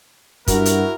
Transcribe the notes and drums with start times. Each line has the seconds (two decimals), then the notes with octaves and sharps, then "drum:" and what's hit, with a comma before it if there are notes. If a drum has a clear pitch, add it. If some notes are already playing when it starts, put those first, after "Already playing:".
0.47 G2 E4 F#4 A#4, drum: kick, hi-hat
0.65 drum: hi-hat